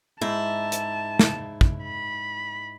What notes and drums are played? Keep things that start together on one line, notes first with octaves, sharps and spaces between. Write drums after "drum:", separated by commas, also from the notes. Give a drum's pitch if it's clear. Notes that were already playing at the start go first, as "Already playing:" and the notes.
G#2 E4 A5
drum: hi-hat
drum: snare
drum: kick
B5